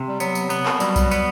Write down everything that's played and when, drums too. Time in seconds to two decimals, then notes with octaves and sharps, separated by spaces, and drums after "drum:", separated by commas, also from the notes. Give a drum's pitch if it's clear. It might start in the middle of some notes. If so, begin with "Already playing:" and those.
Already playing: C3
0.08 G3
0.20 F#3 B3, drum: tambourine
0.35 drum: tambourine
0.50 B3, drum: tambourine
0.66 drum: clap
0.80 F#3 G3, drum: tambourine
0.96 drum: kick B1, tambourine
1.11 B3, drum: tambourine